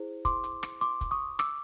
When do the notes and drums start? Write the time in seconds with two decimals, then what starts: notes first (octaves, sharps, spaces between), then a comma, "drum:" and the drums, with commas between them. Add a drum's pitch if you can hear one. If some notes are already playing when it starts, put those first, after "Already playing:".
Already playing: E4 G#4 C5
0.25 C6 D6, drum: kick, hi-hat
0.44 drum: hi-hat
0.63 drum: rim click
0.81 C6 D6, drum: hi-hat
1.01 drum: kick, hi-hat
1.11 C#6 D#6
1.39 D6 E6, drum: rim click